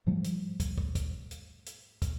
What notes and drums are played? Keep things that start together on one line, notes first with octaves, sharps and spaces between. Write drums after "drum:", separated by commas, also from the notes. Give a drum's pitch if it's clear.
G#2 F3 G3 A3
drum: hi-hat
drum: kick, hi-hat
drum: kick
drum: kick, hi-hat
drum: hi-hat
drum: hi-hat
drum: kick, hi-hat